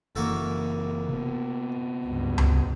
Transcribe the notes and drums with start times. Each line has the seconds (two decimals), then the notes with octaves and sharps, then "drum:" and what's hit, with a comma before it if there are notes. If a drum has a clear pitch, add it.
0.16 F#1 E3 A#3 F#4 A4
1.09 C3 B3
2.05 C#2 G2
2.38 drum: tom C#2